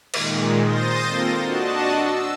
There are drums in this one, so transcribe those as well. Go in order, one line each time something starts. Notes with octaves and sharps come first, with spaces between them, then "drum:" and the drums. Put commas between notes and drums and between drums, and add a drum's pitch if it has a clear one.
A#2 D#3 G#3, drum: cymbal
C5 C6 D#6 G6 A6 A#6
A#3 C4 F4 A4
D4 F#4 D#5 A5
E6